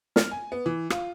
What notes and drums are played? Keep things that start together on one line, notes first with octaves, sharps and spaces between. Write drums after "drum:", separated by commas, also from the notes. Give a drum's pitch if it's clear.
F6, drum: snare
G#5
B3
E3
F4, drum: rim click